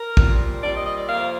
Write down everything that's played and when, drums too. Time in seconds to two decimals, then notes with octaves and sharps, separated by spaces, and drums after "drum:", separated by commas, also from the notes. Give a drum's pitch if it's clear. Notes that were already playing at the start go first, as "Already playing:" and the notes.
Already playing: A#4
0.17 A#2 G3 C4, drum: kick
0.63 A#2 G3 C4 D5
0.75 D#5
0.86 D#5
0.98 D5
1.09 F2 C3 F3 A#3 F5